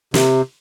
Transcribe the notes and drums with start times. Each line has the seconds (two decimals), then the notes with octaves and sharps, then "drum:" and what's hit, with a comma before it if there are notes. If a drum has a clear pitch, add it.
0.14 C3, drum: snare